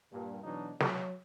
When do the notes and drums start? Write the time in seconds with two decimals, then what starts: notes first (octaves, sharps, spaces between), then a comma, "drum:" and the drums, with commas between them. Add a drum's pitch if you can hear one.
0.12 G2 A#2
0.44 B2 E3 F#3 G#3 D4 D#4
0.80 F#3, drum: snare